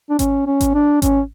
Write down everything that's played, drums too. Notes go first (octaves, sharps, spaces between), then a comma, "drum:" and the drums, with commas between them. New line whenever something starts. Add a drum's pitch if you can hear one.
D4
C#4, drum: kick G#1, hi-hat
C#4
drum: kick G#1, hi-hat
D4
C#4, drum: kick G#1, hi-hat